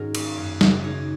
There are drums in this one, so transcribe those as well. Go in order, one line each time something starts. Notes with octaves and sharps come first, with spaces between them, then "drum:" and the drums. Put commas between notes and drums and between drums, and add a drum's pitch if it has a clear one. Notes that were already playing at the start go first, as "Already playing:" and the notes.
Already playing: G#2 D#3 C#4 D#4 F#4 G#4 A#4 C#5
A#3, drum: cymbal
F#2
C#3, drum: snare
C#4 D#4 C#5